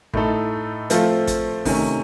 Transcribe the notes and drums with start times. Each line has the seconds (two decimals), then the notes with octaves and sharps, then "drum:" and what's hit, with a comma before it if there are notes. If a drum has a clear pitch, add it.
0.14 A2 A3 D#4 A4, drum: kick
0.90 F3 A3 C4 F4 A4, drum: hi-hat
1.27 drum: kick, hi-hat
1.65 C3 D#3 A3 C#4, drum: kick, open hi-hat